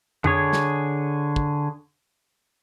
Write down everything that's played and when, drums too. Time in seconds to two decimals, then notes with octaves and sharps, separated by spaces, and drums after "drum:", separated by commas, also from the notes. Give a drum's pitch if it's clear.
0.24 D3 G#4 C#5, drum: tom F2
0.53 drum: snare
1.36 drum: kick